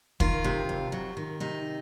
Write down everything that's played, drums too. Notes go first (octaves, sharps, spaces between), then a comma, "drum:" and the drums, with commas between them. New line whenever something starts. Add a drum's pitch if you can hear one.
D#3 F4, drum: kick
C3
F2
F#3
D#3
C3 D#4